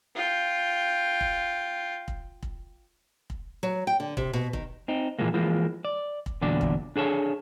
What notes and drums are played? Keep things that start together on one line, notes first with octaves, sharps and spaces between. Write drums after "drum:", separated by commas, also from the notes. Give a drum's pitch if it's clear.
F4 G5
drum: kick
drum: kick
drum: kick
drum: kick
F#3
G5
D3
C3, drum: kick
B2
D#3, drum: kick
C4 D#4
A#2 E3 F3 G#3 A#3
E3 F3 G#3 A#3
D5
drum: kick
E2 A#2 D3 F#3 D4 D5
drum: kick
D4 G#4 A4 C#5